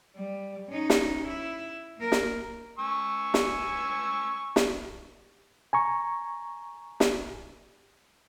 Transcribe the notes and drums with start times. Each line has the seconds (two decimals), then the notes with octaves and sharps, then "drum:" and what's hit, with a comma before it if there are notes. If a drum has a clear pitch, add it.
0.16 G3
0.69 C#4 D#4
0.90 drum: snare
1.28 E4
1.97 A#3 A#4
2.12 drum: snare
2.79 G#5 C#6 E6
3.34 drum: snare
4.56 drum: snare
5.73 G#5 A#5 C#6
7.00 drum: snare